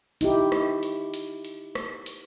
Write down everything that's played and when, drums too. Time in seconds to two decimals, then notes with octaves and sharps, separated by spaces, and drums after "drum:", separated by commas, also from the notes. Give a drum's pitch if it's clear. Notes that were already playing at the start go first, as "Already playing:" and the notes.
0.21 D#4 E4 G4, drum: hi-hat
0.52 drum: rim click
0.83 drum: hi-hat
1.14 drum: hi-hat
1.45 drum: hi-hat
1.75 drum: rim click
2.06 drum: hi-hat